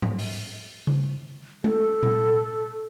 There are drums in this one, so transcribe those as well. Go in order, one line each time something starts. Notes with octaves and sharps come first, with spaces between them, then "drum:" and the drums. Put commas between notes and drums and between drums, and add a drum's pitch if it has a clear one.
drum: tom G#2
drum: open hi-hat
drum: tom C#3
A4, drum: tom G#3
drum: tom A#2